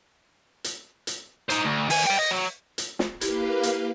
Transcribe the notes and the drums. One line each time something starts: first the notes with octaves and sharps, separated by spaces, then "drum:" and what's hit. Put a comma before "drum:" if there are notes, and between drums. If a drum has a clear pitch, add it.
drum: hi-hat
drum: hi-hat
D#4 C5, drum: hi-hat
D2
D#3 G#5, drum: open hi-hat
D5 G5
D#5
F#3
drum: hi-hat
drum: snare
A#3 E4 G4 B4 F5, drum: hi-hat
drum: hi-hat